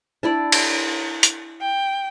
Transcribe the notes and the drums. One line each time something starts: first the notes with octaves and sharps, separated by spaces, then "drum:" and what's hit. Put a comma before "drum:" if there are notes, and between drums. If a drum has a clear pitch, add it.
D4 E4 D5
drum: cymbal
drum: hi-hat
G5